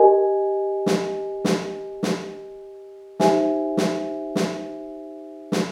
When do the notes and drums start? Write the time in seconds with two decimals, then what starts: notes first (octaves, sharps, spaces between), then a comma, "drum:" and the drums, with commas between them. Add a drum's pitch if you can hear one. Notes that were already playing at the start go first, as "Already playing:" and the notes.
Already playing: G4 A#4 D#5 G#5
0.86 drum: snare
1.45 drum: snare
2.03 drum: snare
3.20 D#4 G4 C5 E5 G#5, drum: snare
3.77 drum: snare
4.35 drum: snare
5.52 drum: snare